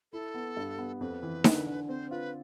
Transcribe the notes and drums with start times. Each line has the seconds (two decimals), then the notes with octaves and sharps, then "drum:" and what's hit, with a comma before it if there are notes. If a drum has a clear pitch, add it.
0.12 E4 A4
0.34 B3
0.57 G2
0.78 B3
1.01 F2 B4
1.23 E3
1.44 D3, drum: snare D#4
1.67 D3
1.89 C4 C5
2.11 F4 B4